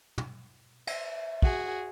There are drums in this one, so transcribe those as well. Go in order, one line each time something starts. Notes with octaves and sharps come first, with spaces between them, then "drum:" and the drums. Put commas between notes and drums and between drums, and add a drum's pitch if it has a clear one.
drum: tom
E5, drum: cymbal
F#4 G#4, drum: kick